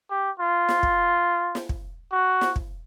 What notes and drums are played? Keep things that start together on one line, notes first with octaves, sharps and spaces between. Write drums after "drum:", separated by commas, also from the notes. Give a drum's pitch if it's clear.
G4
F4
drum: snare
drum: kick
drum: snare
drum: kick
F#4
drum: snare
drum: kick